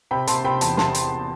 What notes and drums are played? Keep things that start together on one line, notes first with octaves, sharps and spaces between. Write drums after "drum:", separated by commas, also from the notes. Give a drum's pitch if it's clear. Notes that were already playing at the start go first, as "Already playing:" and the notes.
C3 G5 B5
C3 A5 C6, drum: hi-hat
C3 G5 B5
E2 A5 C6, drum: hi-hat
C3 A5 C6, drum: snare
drum: hi-hat